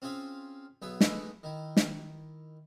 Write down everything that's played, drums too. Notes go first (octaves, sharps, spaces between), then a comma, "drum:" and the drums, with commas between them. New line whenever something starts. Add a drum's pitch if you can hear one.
C4 C#4 F4 G#4 E5 F5
B1 B3 G#4 E5
G#3 A3 B3 D#5 E5, drum: snare
D#3 E4
drum: snare